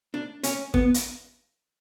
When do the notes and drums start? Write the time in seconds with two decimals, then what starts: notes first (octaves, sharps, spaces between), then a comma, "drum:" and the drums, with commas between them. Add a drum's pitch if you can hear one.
0.14 D4
0.43 C#4, drum: hi-hat
0.74 B3, drum: kick
0.94 drum: hi-hat